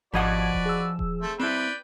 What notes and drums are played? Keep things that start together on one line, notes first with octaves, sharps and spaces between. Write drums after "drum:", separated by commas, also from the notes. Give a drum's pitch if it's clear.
G#1 F3 F#4 B4 D5 D#5 F#5 G#6
drum: kick D#1
G#4 E6
drum: kick D#1
A3 C4
C4 E4 B4 D5 G5